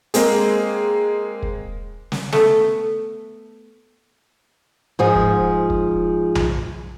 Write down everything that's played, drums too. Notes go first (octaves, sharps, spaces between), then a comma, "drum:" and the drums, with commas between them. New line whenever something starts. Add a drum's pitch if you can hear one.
G#3 A#3 C4 G#4, drum: hi-hat
drum: kick
drum: snare
A3 B3, drum: snare
G#2 F3 G#4
drum: kick
drum: kick
drum: tom B1